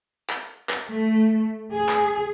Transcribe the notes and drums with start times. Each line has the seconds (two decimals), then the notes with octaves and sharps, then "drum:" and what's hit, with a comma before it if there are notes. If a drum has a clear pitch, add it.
0.30 drum: clap
0.69 drum: clap
0.89 A3
1.73 G#4
1.89 drum: clap